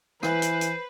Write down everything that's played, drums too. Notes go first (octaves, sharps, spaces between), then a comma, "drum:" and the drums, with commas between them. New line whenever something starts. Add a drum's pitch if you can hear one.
E3 B4 C5, drum: rim click
drum: hi-hat
drum: hi-hat